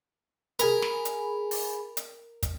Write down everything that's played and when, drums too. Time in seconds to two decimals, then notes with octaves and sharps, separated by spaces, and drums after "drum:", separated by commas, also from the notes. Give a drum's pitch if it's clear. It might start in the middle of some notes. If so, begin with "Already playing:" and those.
0.59 G#4 A#4 G#5 B5, drum: hi-hat
0.82 drum: snare
1.05 drum: hi-hat
1.51 drum: open hi-hat
1.97 drum: hi-hat
2.43 drum: kick, hi-hat